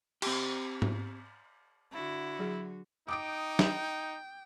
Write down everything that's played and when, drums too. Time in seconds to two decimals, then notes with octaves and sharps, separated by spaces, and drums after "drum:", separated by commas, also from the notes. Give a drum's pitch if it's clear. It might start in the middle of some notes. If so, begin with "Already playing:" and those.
0.22 C4 G4, drum: cymbal
0.82 drum: tom G#2
1.93 D3 E4 F#4
2.39 F#3 G#4
3.08 D#4 G5 D6 D#6 D7
3.59 drum: snare